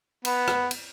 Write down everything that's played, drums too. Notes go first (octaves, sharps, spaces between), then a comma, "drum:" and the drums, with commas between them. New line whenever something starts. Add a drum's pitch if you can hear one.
B3, drum: cymbal
drum: rim click
drum: cymbal